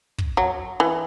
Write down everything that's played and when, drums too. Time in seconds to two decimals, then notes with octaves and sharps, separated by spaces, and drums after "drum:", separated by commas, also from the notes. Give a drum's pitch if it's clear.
0.18 drum: kick
0.37 F#3
0.80 E3